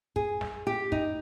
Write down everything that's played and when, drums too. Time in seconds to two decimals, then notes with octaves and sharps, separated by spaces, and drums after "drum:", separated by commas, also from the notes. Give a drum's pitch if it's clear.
0.16 G#4, drum: kick
0.41 drum: snare
0.67 G4
0.92 D#4, drum: kick